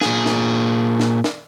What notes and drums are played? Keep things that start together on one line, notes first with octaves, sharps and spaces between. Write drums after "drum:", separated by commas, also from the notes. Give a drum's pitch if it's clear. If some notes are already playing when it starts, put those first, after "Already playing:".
A#2 G#4, drum: snare
drum: snare
drum: snare
drum: snare